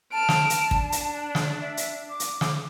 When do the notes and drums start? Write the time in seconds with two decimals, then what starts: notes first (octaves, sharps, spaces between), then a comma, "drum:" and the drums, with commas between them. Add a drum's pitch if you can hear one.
0.13 A5 F6 D7
0.29 drum: snare
0.50 drum: hi-hat
0.71 D4, drum: kick
0.92 drum: hi-hat
1.35 drum: snare
1.61 E5
1.77 drum: hi-hat
2.10 D6
2.20 drum: hi-hat
2.41 drum: snare